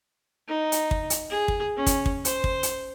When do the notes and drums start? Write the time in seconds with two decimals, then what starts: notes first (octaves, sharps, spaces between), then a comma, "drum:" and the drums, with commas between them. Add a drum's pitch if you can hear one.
0.48 D#4
0.72 drum: hi-hat
0.91 drum: kick
1.10 drum: hi-hat
1.30 G#4
1.48 drum: kick
1.76 C#4
1.87 drum: kick, hi-hat
2.06 drum: kick
2.25 C5, drum: hi-hat
2.44 drum: kick
2.63 drum: hi-hat